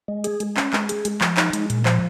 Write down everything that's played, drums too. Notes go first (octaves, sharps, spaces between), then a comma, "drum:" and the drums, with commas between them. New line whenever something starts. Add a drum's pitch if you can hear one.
G#3
G#4, drum: hi-hat
G#3, drum: hi-hat
C#4, drum: clap
G#3, drum: clap
G#4, drum: hi-hat
G#3, drum: hi-hat
F3, drum: clap
D#4, drum: clap
G#3, drum: hi-hat
A#2, drum: hi-hat
F3, drum: clap